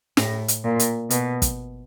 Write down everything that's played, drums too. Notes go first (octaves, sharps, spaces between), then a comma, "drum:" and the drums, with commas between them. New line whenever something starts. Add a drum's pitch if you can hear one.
A2, drum: snare
drum: hi-hat
A#2
drum: hi-hat
B2, drum: hi-hat
drum: kick, hi-hat